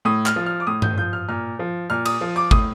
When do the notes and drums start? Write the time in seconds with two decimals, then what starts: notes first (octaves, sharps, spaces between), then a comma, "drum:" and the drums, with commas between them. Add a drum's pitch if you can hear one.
0.05 A2 D#6
0.26 F6, drum: clap
0.36 F3
0.46 F6
0.60 D6
0.67 A2 D#6
0.82 G6, drum: tom G2
0.97 F3 G6
1.13 F6
1.28 A#2 F6
1.59 F3
1.90 A#2 F6
2.05 D#6, drum: cymbal
2.21 F3
2.36 D6
2.51 A2 D#6, drum: kick